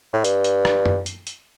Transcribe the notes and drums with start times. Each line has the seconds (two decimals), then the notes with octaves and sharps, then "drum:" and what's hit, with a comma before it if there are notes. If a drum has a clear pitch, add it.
0.13 A2
0.24 G2, drum: hi-hat
0.44 drum: hi-hat
0.65 drum: rim click
0.86 drum: tom F#2
1.06 drum: hi-hat
1.27 drum: hi-hat